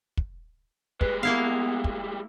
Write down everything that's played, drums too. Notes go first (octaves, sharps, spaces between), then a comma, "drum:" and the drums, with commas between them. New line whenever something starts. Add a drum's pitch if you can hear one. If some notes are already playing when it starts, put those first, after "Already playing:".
drum: kick
G3 G#3 B4, drum: kick
A#3 B3 E4 F5
drum: kick